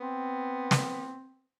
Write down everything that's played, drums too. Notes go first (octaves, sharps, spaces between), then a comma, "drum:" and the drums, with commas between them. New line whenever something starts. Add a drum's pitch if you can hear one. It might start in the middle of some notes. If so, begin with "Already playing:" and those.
B3 C4
drum: snare